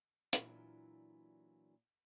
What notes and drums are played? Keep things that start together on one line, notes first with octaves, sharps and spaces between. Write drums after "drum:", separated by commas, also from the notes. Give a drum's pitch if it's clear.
A#2 E3 F#3 D4 E4 F4, drum: hi-hat